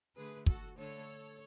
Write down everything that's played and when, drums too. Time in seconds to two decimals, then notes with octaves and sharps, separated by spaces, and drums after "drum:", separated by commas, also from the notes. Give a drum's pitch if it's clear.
0.16 D3 A3 G#4 B4
0.46 F#4 A4, drum: kick
0.76 D3 A3 A4 C#5